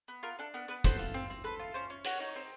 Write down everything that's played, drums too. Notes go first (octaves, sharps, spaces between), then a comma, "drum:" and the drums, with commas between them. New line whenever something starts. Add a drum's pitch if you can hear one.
B3
F4 A#4
D4 A4
B3 A#4
B3 B4
A4 C5, drum: kick, hi-hat
F4
C4
C4
A4 B4
F4
C#4 C5
C#4
F#4 C#5, drum: hi-hat
D#4
C4